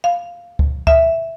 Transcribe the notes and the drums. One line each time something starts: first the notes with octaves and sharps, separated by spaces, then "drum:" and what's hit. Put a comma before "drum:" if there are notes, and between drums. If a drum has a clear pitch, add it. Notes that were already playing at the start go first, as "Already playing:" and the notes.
F5
drum: kick
E5, drum: kick